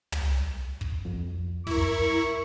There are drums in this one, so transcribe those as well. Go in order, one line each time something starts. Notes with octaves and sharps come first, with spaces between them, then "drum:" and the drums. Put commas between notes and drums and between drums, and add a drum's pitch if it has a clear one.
drum: tom
drum: kick
F2
F#2 E4 A#4 C#6, drum: kick